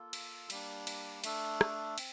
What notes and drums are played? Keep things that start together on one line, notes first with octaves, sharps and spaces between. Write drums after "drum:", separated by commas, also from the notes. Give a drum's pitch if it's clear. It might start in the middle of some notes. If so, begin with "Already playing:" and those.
Already playing: A#3 F4 A4
drum: cymbal
G3 A#3 D4, drum: cymbal
drum: cymbal
A3 D4 A4, drum: cymbal
drum: rim click
C4, drum: cymbal